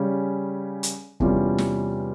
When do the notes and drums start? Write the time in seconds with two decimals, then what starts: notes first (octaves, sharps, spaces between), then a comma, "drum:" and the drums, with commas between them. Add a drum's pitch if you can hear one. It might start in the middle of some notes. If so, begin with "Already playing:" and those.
Already playing: C#3 G3 C#4
0.83 drum: hi-hat
1.20 E2 C3 G3 C#4 F4, drum: kick
1.58 drum: snare